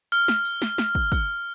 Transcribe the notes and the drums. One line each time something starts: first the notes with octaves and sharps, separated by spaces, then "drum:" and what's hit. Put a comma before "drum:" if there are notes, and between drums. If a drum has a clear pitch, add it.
F6, drum: tambourine
drum: snare
drum: tambourine
drum: snare
drum: snare
drum: kick
F6, drum: kick, tambourine